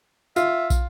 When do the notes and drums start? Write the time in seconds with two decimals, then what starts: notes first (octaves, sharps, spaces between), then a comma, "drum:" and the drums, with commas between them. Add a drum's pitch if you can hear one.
0.36 F4 E5, drum: tambourine
0.70 drum: kick, tambourine